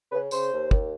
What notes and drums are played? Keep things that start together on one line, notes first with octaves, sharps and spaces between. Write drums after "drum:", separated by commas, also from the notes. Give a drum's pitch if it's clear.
C#3 B4
C#3 C5, drum: tambourine
D#2
D#2, drum: kick